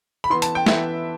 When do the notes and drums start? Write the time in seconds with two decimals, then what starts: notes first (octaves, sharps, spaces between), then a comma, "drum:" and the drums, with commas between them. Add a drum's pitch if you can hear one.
0.24 B5
0.30 E3 B3 C6
0.42 A5, drum: hi-hat
0.55 G5
0.66 E3 B3 E5, drum: snare